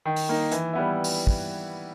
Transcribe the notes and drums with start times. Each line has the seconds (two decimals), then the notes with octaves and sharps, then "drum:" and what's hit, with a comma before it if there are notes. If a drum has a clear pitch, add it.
0.05 D#3
0.16 drum: open hi-hat
0.29 A#3 D#4
0.52 E3, drum: hi-hat
0.73 G3 B3 E4
1.04 drum: open hi-hat
1.27 drum: kick